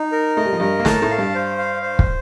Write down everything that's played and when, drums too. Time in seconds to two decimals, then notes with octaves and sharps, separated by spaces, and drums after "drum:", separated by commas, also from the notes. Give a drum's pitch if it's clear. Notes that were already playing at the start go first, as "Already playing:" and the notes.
Already playing: D#4
0.12 A#4
0.37 A3 D#5
0.45 G3
0.53 F3
0.60 G2 G3 A#4
0.80 A#3
0.85 A2 A3 A5, drum: snare
1.02 A2 A3
1.10 F5
1.18 G2 G3
1.35 C5
1.58 F5
1.82 C5
1.99 drum: kick